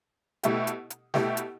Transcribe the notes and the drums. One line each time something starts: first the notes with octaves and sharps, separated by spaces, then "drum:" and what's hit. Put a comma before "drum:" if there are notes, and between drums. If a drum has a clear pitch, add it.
B2 A3 E4 G4, drum: hi-hat
drum: hi-hat
drum: hi-hat
B2 A3 E4 G4, drum: snare
drum: hi-hat